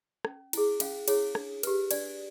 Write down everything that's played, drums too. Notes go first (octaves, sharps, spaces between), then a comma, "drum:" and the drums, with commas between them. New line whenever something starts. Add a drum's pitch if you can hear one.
C#4, drum: rim click
E4 G#4, drum: cymbal
C#4 F5, drum: cymbal
E4 G#4 C#5, drum: cymbal
D4, drum: rim click
G4 B4, drum: cymbal
D4 D5, drum: cymbal